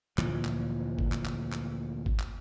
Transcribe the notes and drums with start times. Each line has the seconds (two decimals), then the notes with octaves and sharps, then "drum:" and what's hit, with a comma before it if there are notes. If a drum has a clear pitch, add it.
0.18 D2 A#2 E3 F3, drum: clap
0.45 drum: clap
0.99 drum: kick
1.12 drum: clap
1.25 drum: clap
1.52 drum: clap
2.06 drum: kick
2.20 drum: clap